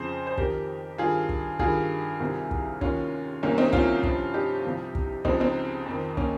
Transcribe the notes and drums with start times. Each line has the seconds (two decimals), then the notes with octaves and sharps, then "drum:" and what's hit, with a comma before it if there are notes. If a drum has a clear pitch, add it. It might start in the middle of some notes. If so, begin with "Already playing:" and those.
Already playing: F2 C#3 F3 G#4 C5
0.27 C5
0.37 F2 D#3 G4 A#4, drum: kick
0.98 G2 D#3 F4 G#4
1.29 drum: kick
1.59 G2 D#3 F4 G#4, drum: kick
2.20 C2 C3 D#3
2.51 drum: kick
2.81 D#2 D#3 C#4 F4, drum: kick
3.43 C2 C3 D#3 A#3 C#4
3.58 C4 D#4
3.73 C#4 F4, drum: kick
4.03 G2 F3, drum: kick
4.34 D#4 G4
4.65 C2 C3 F3
4.95 drum: kick
5.25 C#2 C#3 F3 C4 D#4, drum: kick
5.40 C4 D#4
5.86 F2
5.91 D#3
6.17 A#3 C#4, drum: kick